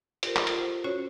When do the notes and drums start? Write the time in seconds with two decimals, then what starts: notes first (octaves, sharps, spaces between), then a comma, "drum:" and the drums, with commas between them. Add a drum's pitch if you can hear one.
0.23 F4 G4 A4 A#4 C5, drum: hi-hat
0.36 drum: clap
0.47 F4 A4, drum: hi-hat
0.58 C5
0.84 C#4 F#4 C5 C#5